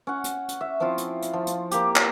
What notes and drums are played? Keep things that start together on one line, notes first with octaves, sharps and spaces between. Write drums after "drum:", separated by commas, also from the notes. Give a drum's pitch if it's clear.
C#4 F#5
drum: hi-hat
drum: hi-hat
E5
F3 C4 E4 F4
drum: hi-hat
drum: hi-hat
F3
drum: hi-hat
A#3 G4, drum: hi-hat
drum: clap